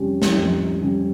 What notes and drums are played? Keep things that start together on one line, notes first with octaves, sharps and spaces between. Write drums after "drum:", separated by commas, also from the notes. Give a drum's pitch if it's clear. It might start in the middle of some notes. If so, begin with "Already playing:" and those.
Already playing: F2 C3 G3 C#4 G4
drum: snare
F2
C3 G3 C#4 G4